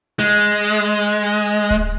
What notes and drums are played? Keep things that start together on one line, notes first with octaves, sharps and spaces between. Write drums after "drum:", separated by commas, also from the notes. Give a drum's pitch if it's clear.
G#3
drum: kick D1